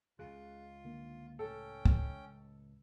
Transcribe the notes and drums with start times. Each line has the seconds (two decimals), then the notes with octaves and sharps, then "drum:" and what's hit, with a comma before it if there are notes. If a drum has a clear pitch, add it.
0.19 C#2 C#3 F4 G#4 F#6
0.85 D3 D#3 A#3
1.39 A2 C#4 A4 G5
1.86 drum: kick C2
2.02 C#2